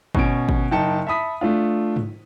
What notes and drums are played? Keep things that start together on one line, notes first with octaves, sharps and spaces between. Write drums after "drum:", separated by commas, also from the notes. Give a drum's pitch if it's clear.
B2 C#4 D7, drum: kick
drum: kick
F#1 D#4 G5 A5 C#7
E5 A5 B5 D#6 B6
A3 D4 F4
drum: tom G#2